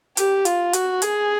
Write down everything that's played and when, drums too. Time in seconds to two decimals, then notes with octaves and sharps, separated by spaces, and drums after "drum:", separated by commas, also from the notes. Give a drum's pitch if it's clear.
0.17 G4, drum: hi-hat
0.45 F4, drum: hi-hat
0.73 F#4, drum: hi-hat
1.02 G#4, drum: hi-hat